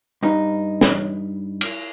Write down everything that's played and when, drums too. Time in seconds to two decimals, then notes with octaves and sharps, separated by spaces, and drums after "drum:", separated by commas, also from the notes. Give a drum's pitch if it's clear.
0.23 G2 D#4
0.81 drum: snare
1.61 drum: cymbal